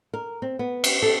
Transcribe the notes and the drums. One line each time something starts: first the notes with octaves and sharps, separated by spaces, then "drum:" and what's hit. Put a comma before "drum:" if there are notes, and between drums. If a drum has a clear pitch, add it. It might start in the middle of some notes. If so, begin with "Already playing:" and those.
A#4
C4
B3
drum: cymbal
A4